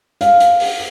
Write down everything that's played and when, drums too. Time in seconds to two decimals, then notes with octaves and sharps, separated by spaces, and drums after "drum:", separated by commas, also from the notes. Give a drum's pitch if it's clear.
0.21 F5, drum: hi-hat
0.40 drum: hi-hat
0.60 drum: open hi-hat